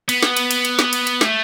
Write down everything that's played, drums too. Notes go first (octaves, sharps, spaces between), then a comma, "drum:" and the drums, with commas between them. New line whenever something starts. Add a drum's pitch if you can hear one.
B3, drum: cymbal
drum: snare
drum: cymbal
drum: cymbal
drum: cymbal
drum: snare
drum: cymbal
drum: cymbal
A3, drum: snare